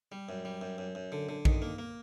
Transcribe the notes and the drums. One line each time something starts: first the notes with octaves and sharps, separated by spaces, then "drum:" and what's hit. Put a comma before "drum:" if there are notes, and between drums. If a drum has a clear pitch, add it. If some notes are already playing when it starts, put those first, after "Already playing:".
G3
F#2
G3
F#2
F#2
F#2
D3
D3
D#3, drum: kick A#1
A#3
A#3